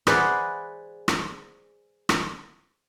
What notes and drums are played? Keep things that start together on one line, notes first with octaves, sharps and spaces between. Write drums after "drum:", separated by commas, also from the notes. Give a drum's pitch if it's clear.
G#4 B4 C5 D5 E5 F#5, drum: rim click
drum: rim click
drum: rim click